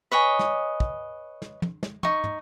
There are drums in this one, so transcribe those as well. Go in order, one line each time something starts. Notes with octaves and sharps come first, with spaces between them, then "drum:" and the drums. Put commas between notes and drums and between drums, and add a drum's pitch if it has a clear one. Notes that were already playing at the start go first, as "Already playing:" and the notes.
B4 C#5 D#5 G#5
drum: snare
drum: kick
drum: snare
drum: tom
drum: snare
D#4 C#6, drum: tom
drum: tom